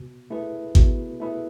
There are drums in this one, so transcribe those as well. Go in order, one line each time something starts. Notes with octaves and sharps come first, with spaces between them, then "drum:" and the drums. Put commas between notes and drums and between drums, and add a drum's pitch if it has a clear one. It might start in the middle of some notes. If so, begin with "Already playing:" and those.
Already playing: B2
A3 E4 G#4 B4
B2, drum: kick G#1
A3 E4 G#4 B4